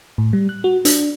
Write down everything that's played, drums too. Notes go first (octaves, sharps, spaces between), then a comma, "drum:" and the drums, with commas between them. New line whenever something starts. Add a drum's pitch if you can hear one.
A2
G3
F#6
F#4
D4, drum: hi-hat